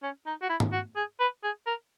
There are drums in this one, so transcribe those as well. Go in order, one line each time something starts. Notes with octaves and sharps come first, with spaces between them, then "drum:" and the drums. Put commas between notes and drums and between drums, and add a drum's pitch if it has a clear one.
C#4
D#4
F#4
E4
drum: tom G#2
F#4
G#4
B4
G#4
A#4